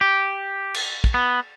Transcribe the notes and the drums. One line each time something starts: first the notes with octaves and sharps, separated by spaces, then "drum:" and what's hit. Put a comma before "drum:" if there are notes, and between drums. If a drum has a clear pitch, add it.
G4
drum: cymbal
drum: kick
B3